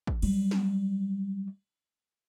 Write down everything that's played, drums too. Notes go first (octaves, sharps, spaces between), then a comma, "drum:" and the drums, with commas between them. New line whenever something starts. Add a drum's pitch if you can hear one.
drum: kick
F#3 G3, drum: cymbal
drum: snare